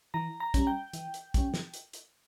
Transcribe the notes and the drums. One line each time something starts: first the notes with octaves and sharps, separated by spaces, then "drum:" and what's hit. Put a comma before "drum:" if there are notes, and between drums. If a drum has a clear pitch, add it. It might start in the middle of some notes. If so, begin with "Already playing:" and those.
E3 A#5
A#5
G3 C#4, drum: kick, hi-hat
G5
E3, drum: hi-hat
drum: hi-hat
G3 C#4, drum: kick, hi-hat
drum: snare
drum: hi-hat
drum: hi-hat